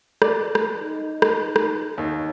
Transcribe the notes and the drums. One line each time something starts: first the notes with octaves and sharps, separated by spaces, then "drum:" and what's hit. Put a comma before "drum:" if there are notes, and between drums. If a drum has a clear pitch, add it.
A4 D5, drum: rim click
drum: rim click
D#4
D#4
drum: rim click
drum: rim click
D#2 C#5